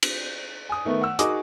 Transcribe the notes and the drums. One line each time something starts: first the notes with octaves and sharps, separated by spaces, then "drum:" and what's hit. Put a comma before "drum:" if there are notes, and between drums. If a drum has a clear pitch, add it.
drum: cymbal
G#5 D#6
D#3 A3 B3
F#5 E6
D#4 F#4 G#4 A#4 D6 D#6, drum: hi-hat